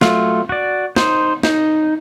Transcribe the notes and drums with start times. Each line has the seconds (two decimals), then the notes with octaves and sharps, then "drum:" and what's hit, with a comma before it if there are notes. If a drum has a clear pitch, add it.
0.01 F#3 A3 F4, drum: snare
0.49 F#4 D5
0.96 D#4 C5, drum: snare
1.43 D#4, drum: snare